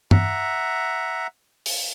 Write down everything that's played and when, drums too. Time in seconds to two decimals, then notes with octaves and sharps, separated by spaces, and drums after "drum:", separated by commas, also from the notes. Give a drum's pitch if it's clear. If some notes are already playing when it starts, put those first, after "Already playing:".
0.11 E5 F#5 A#5, drum: tom G2
1.66 drum: open hi-hat